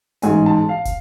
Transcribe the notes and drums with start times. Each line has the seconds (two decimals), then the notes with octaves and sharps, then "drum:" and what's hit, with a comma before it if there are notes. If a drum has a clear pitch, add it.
0.22 A1 G#2 G#3 G#5, drum: hi-hat
0.46 A5
0.69 F5
0.85 drum: kick, hi-hat